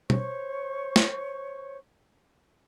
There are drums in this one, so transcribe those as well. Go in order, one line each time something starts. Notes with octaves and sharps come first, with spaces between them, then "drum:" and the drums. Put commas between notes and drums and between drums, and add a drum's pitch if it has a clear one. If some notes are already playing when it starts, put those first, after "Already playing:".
C5 C#5 C#6, drum: tom B2
drum: snare